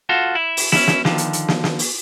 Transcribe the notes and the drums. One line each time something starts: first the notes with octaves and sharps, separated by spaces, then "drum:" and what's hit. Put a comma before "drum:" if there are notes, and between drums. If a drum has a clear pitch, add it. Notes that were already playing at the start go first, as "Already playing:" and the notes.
F4 F#4 A4
E4
drum: open hi-hat
C#4 E4, drum: snare
drum: snare
D3 D#3 F3, drum: snare
drum: hi-hat
drum: hi-hat
drum: snare
drum: snare
drum: open hi-hat